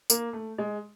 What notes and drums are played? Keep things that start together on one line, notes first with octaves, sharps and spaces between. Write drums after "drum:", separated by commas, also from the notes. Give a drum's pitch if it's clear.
A#3, drum: tambourine
A3
G#3